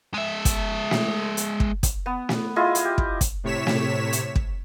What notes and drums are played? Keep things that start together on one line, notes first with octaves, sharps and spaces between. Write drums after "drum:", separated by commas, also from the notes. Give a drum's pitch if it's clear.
G#3 E5
drum: kick, hi-hat
drum: snare
drum: hi-hat
drum: kick
drum: kick, hi-hat
B3
drum: snare
E4 F4 G#4 D#5
drum: hi-hat
G4
drum: kick
drum: kick, hi-hat
A2 C3 C#5 B6 E7
drum: snare
drum: hi-hat
drum: kick